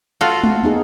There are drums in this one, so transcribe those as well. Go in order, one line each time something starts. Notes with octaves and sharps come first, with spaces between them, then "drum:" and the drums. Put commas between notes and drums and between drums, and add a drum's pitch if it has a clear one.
F4 F#4 A4
drum: tom G#3
B3 D#4 G#4